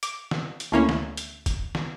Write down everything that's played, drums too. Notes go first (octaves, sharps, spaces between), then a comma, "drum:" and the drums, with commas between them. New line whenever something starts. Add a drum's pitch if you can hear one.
D6, drum: hi-hat
drum: snare
drum: hi-hat
D2 A3 A#3 C#4 E4
drum: snare
drum: hi-hat
drum: kick, hi-hat
drum: snare